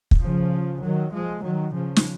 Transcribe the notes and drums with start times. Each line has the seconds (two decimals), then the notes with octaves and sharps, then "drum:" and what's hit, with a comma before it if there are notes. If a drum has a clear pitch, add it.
0.11 drum: kick
0.22 C#3 F3
0.83 D#3 F#3
1.13 F3 G#3
1.44 D#3 F#3
1.74 C#3 F3
1.96 drum: snare